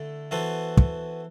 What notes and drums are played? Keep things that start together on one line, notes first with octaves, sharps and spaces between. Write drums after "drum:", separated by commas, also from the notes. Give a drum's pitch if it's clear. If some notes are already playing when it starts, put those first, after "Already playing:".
Already playing: D3 A3 E4
E3 B3 F#4 A4 C5
drum: kick